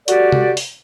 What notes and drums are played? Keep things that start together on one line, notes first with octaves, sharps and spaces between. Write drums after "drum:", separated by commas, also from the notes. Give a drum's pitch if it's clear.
F#4 G4 A4 D5, drum: hi-hat
drum: tom C3
drum: open hi-hat